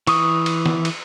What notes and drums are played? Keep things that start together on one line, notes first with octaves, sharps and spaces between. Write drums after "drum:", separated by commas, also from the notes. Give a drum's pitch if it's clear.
E3 C#6 D#6, drum: cymbal
drum: cymbal
drum: snare
drum: cymbal